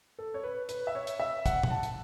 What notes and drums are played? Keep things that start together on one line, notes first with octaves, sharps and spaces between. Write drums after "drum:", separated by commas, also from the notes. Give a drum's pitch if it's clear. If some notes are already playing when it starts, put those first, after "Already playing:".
A4
C#5
B4
B4, drum: hi-hat
E5
C#5
drum: hi-hat
E5
F#5, drum: kick, hi-hat
F#5, drum: tom A2
A5
drum: hi-hat